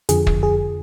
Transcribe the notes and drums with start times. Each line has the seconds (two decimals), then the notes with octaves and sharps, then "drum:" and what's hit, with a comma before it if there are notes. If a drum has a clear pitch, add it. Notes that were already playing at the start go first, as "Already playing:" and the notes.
0.09 F2 D3 F3 G#4, drum: hi-hat
0.27 drum: kick
0.43 G#4